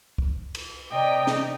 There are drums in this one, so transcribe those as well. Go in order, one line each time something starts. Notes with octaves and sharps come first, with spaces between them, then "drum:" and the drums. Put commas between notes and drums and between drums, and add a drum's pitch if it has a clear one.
drum: kick
drum: cymbal
C3 D5 D#5 G5 A#5
drum: snare